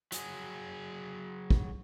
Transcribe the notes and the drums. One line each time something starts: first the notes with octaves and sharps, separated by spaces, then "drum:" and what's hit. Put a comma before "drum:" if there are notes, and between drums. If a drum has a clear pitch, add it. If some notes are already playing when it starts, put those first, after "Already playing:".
F#3 G#4, drum: hi-hat
drum: kick